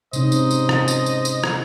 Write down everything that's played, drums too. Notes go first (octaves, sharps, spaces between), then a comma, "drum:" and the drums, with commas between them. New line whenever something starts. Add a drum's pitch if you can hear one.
G#2 C3 C#4 D#4 C5 D#5, drum: tambourine
drum: tambourine
drum: tambourine
drum: rim click
drum: tambourine
drum: tambourine
drum: tambourine
drum: rim click